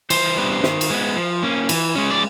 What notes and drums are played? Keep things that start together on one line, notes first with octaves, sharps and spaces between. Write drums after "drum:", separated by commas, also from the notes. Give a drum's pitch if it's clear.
E3 C5, drum: cymbal
G3 B3 D4
D#3, drum: snare
drum: cymbal
G#3 B3
F3
A#3 C#4
E3, drum: cymbal
G#3 C#4
D5